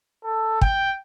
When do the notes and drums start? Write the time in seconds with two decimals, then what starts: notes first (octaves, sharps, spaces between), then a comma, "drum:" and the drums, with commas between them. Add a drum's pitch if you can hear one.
0.24 A4
0.61 G5, drum: kick